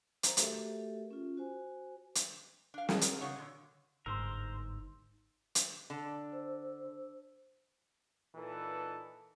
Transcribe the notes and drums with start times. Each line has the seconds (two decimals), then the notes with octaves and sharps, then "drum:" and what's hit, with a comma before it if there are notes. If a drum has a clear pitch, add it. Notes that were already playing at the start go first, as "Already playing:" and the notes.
0.23 A#4 C5 A#5, drum: hi-hat
0.37 A3 F#4 G4 A4 A#4 E5, drum: hi-hat
1.11 C#4 F4
1.37 F#4 C5 G#5
2.15 drum: hi-hat
2.74 D4 F5
2.89 G2 F3 F#3, drum: snare
3.01 B3 A#4, drum: hi-hat
3.20 C#3 D4 F#4 C#5 D#5
3.36 A#2 D3
4.06 G1 G#2 A#4 C5 C6 E6
5.55 drum: hi-hat
5.90 D3
6.32 C5 E6
8.35 A#2 E3 D#4 A4 B4